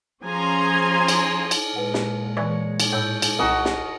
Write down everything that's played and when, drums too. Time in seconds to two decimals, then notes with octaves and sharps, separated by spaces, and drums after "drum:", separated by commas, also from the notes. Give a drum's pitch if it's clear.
0.24 F3 C#4 G#4 G#5 A#5 C6
1.08 drum: cymbal
1.51 drum: cymbal
1.76 A#2 G#3 B4 F#5
1.94 drum: snare
2.37 E3 C#5 D5
2.80 drum: cymbal
2.92 A2 E6 G6
3.22 drum: cymbal
3.39 C2 F#4 A#4 D#5 G#5 C#7
3.65 drum: snare